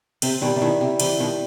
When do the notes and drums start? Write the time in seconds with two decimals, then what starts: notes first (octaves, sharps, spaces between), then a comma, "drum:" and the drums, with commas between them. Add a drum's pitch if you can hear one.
0.22 C3 C4, drum: cymbal
0.42 B2 D#3 G3
0.56 C3
0.61 B2 D#3 E4
0.81 C3 G3
1.00 C3 E3 C4, drum: cymbal
1.20 B2 D#3 G3